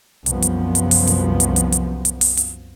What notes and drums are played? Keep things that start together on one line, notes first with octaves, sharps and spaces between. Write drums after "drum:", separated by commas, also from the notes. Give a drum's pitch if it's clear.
C2 F#2 F3 B3, drum: hi-hat
drum: hi-hat
drum: hi-hat
drum: open hi-hat
drum: hi-hat
drum: hi-hat
drum: hi-hat
drum: hi-hat
drum: hi-hat
drum: open hi-hat
drum: hi-hat